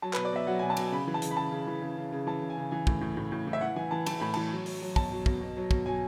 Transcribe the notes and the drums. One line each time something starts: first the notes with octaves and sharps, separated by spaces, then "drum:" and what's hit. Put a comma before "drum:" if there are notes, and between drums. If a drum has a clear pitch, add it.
F#3 A5
B4, drum: clap
B2
D5
B2 E5
F#3 F#5
G#5
B2
A5
B2 G#5, drum: cymbal
C#3 B5
E3
A5
C#3, drum: hi-hat
B5
C#3 A5
C#3
E3
C#3
C#3
C#3
E3 A5
C#3
G#5
C#3
E3 G#5
A2, drum: kick
A2
A2
A2
E3
E5
E3 F#5
E3 G#5
E3 A5
E3 A5, drum: cymbal
A2 B5
E3 A5, drum: cymbal
F#3
F#3, drum: open hi-hat
F#3
B2 A5, drum: kick
F#3
B2, drum: kick
B2
F#3
B2, drum: kick
F#3 G#5